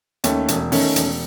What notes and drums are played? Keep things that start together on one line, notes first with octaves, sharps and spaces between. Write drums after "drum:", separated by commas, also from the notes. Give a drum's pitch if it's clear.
D#2 A3 C#4, drum: hi-hat
E1, drum: hi-hat
D#3 A3 C#4, drum: open hi-hat
E1, drum: hi-hat